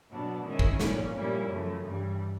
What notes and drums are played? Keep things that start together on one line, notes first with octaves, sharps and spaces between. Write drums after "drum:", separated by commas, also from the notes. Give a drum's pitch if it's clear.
B2 F#3 B3 D4
D#3 G#3 C#4 E4
drum: kick
A#2 F3 A#3 C#4, drum: snare
A#2 G3 A#3 C#4 E4
F#2 C#3 F3 A3
G2 E3 G3